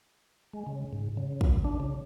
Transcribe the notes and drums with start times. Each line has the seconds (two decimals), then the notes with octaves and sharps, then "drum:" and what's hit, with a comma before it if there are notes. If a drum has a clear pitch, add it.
0.53 G#3
0.66 C#3
0.93 G#2
1.17 C#3
1.41 drum: kick
1.64 D4
1.80 C#3